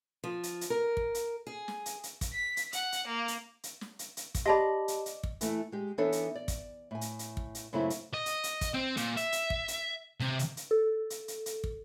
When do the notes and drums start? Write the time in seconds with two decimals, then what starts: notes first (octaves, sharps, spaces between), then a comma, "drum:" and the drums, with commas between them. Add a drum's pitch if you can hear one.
0.24 F3
0.43 drum: hi-hat
0.61 drum: hi-hat
0.70 A#4
0.97 drum: kick
1.15 drum: hi-hat
1.47 G#4
1.68 drum: snare
1.86 drum: hi-hat
2.03 drum: hi-hat
2.21 drum: kick, hi-hat
2.33 B6
2.57 drum: hi-hat
2.73 F#5, drum: hi-hat
2.92 drum: hi-hat
3.07 A#3
3.28 drum: hi-hat
3.63 drum: hi-hat
3.81 drum: snare
3.99 drum: hi-hat
4.17 drum: hi-hat
4.35 drum: kick, hi-hat
4.46 G4 D5 D#5 A5 B5
4.88 drum: hi-hat
5.06 drum: hi-hat
5.23 drum: kick
5.41 E3 A3 E4, drum: hi-hat
5.72 G#3 G4
5.98 E3 B3 D4 D#4 A4 C#5
6.12 drum: hi-hat
6.35 D5
6.48 drum: kick, hi-hat
6.91 A2 G#5
7.01 drum: hi-hat
7.19 drum: hi-hat
7.37 drum: kick
7.55 drum: hi-hat
7.73 F#2 C#3 A3 C4 E4
7.90 drum: hi-hat
8.14 D#5
8.26 drum: hi-hat
8.44 drum: hi-hat
8.61 drum: kick, hi-hat
8.74 C4
8.97 A#2, drum: hi-hat
9.17 E5, drum: hi-hat
9.32 drum: hi-hat
9.50 drum: kick
9.68 drum: hi-hat
10.20 C3, drum: snare
10.39 drum: hi-hat
10.57 drum: hi-hat
10.71 A4
11.10 drum: hi-hat
11.28 drum: hi-hat
11.46 drum: hi-hat
11.64 drum: kick